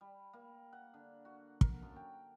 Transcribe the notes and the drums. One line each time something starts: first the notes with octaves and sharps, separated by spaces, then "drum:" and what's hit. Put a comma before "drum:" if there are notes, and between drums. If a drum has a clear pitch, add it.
G3
A#3
F#5
D3
F#4
A#4, drum: kick
F#2
G5